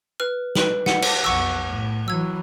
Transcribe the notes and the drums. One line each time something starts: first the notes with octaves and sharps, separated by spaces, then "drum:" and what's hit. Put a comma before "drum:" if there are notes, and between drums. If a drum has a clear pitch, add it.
B4 F6
B4 D7 F#7, drum: snare
F#5, drum: snare
drum: cymbal
B1 F2 F#5 C#6 E6
A2
E3 F#3 E6 G#6